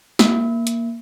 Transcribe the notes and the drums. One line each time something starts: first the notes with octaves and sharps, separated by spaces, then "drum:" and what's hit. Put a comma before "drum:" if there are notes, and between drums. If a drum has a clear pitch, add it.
A#3, drum: snare
drum: hi-hat